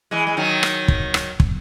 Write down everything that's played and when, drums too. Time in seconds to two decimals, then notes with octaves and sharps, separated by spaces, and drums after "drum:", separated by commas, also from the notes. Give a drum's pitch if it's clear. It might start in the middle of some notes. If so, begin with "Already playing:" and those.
0.11 E3 G#3
0.27 G#3
0.37 D#3 F#3
0.63 drum: rim click
0.88 drum: kick
1.14 drum: rim click
1.40 drum: kick